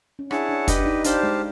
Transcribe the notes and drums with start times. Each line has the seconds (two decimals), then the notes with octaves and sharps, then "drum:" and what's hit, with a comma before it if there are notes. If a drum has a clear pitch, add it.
0.19 C#4
0.31 D4 E4 G#4 C#5 F#5 A5, drum: rim click
0.49 D4
0.68 D4 G4 B4 D#5, drum: kick, hi-hat
0.79 D4
0.86 D#4
1.04 D4 G4 C5 F5 A5, drum: hi-hat
1.23 G#3